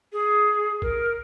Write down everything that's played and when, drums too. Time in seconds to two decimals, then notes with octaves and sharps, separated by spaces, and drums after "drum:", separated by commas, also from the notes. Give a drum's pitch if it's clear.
0.13 G#4
0.82 A#4, drum: kick